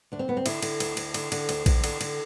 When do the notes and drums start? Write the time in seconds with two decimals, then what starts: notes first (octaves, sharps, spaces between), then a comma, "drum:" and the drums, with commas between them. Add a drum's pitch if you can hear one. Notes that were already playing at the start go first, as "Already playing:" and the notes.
0.12 D2 D4
0.19 C4
0.28 D2 B3
0.37 C4
0.46 D3 E4, drum: cymbal
0.62 D3, drum: cymbal
0.80 D2, drum: cymbal
0.97 D2, drum: cymbal
1.14 D3, drum: cymbal
1.32 D3, drum: cymbal
1.49 D2, drum: cymbal
1.66 D2, drum: kick A#1, cymbal
1.84 D3, drum: cymbal
2.01 D3, drum: cymbal